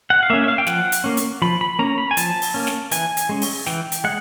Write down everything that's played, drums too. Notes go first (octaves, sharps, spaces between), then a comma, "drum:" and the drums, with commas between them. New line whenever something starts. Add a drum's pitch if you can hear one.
F#5
F5
A#3 C#4 E5
E5
F5
G5
F3 F#5, drum: snare
drum: hi-hat
A#3 C#4
drum: hi-hat
F3 B5
B5
A#3 C#4 A#5
B5
G#5
F3 A5, drum: hi-hat
drum: open hi-hat
A#3 C#4
drum: snare
E3 G#5, drum: hi-hat
drum: hi-hat
G#3 C#4
drum: open hi-hat
E3 G5, drum: snare
drum: hi-hat
G#3 F#5